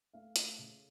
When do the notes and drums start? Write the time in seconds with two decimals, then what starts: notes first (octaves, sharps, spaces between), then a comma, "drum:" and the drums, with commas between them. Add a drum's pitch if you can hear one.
0.13 A3 F5
0.36 A3, drum: hi-hat
0.58 C#3